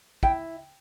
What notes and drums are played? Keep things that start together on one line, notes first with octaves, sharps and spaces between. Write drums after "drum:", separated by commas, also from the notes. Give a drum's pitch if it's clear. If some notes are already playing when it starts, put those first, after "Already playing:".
E4 G5, drum: kick